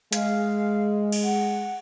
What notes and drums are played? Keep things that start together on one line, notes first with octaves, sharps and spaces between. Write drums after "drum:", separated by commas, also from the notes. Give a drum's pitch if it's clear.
G#3 F5, drum: hi-hat
drum: cymbal
F#5